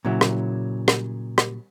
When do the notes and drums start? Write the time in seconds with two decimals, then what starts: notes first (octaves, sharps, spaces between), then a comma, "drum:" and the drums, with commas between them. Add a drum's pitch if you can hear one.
0.05 A#2 C#3 F#3 E4
0.21 drum: rim click
0.88 drum: rim click
1.38 drum: rim click